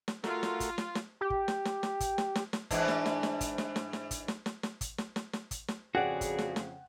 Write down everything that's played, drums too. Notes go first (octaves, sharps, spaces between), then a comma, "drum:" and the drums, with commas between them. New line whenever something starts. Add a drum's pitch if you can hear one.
drum: snare
A3 F4 F#4 A#4, drum: snare
drum: snare
drum: kick, hi-hat
drum: snare
drum: snare
G4
drum: kick
drum: snare
drum: snare
drum: snare
drum: kick, hi-hat
drum: snare
drum: snare
drum: snare
G#2 E3 D4, drum: kick, hi-hat
drum: snare
drum: snare
drum: snare
drum: kick, hi-hat
drum: snare
drum: snare
drum: snare
drum: kick, hi-hat
drum: snare
drum: snare
drum: snare
drum: kick, hi-hat
drum: snare
drum: snare
drum: snare
drum: kick, hi-hat
drum: snare
F2 C#3 F#4 G#4 D5 F#5 G5 F#6
drum: kick, hi-hat
drum: snare
drum: snare